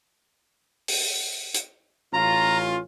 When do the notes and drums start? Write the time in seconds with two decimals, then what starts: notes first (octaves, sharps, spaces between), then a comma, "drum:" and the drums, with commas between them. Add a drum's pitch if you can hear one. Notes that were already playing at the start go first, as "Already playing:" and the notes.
0.88 drum: open hi-hat
1.55 drum: hi-hat
2.13 A1 C#4 F4 A#5